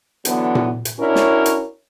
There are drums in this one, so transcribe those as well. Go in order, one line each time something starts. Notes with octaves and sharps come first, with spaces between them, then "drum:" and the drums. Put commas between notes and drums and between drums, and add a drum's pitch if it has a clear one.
D3 E3 F#3 B3, drum: hi-hat
drum: tom A#2
drum: hi-hat
C#4 D4 E4 F#4 A#4 C#5
drum: snare
drum: hi-hat